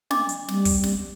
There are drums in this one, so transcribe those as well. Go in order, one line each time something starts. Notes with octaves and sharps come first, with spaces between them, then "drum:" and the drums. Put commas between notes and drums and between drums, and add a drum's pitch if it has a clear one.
D4 D#5 D6, drum: snare
drum: hi-hat
G3, drum: snare
drum: kick, open hi-hat
drum: snare